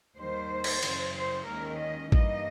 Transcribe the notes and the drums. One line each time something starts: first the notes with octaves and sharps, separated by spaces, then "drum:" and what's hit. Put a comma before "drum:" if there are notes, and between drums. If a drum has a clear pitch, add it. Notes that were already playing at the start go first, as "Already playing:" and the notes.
D#2 D#3 G3 C5
drum: cymbal
F#2 C#3 E3, drum: cymbal
C5
D#2 D#3 G#3 C#4 A#4
D#5
G2 E3 G3 A#3 D#4 D#5, drum: kick A1